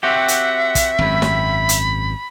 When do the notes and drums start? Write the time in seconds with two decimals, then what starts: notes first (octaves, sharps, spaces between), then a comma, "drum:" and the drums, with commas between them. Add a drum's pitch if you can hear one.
0.03 C4 F#4 G4 E5 F#5
0.28 drum: hi-hat
0.75 drum: kick, hi-hat
0.99 G#1 F#2 B5
1.22 drum: snare
1.69 drum: hi-hat